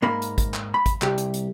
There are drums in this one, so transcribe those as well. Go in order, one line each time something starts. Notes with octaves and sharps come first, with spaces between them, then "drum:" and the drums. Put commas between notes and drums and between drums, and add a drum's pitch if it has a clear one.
G#2 A#3 A#4 B5
drum: hi-hat
drum: kick G#1, hi-hat
drum: clap
B5
drum: kick G#1, hi-hat
C2 G4, drum: clap
drum: hi-hat
drum: hi-hat